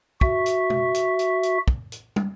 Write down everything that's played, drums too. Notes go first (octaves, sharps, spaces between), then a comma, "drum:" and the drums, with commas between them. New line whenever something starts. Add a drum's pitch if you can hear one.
F#4 E5, drum: kick
drum: hi-hat
drum: tom
drum: hi-hat
drum: hi-hat
drum: hi-hat
drum: kick
drum: hi-hat
drum: tom